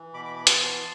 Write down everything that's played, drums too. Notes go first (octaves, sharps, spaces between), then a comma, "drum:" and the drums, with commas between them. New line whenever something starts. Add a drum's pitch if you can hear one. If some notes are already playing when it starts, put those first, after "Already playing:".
Already playing: E3
B2 B5 D6
B5 D6
B3 B5 D6
A5 C6, drum: hi-hat
E3